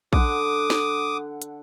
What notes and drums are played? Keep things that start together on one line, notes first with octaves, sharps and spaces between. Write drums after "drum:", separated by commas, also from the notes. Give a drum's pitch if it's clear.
D3 F#5 D6 D#6, drum: kick A#1
drum: snare
drum: hi-hat